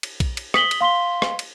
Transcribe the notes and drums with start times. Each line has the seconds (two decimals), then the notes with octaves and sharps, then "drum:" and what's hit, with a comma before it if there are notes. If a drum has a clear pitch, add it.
0.03 drum: cymbal
0.20 drum: kick, cymbal
0.37 drum: cymbal
0.54 D#6 B6 F#7 G7, drum: rim click
0.71 drum: cymbal
0.81 F5 C6 B6 G7
1.22 drum: rim click
1.39 drum: cymbal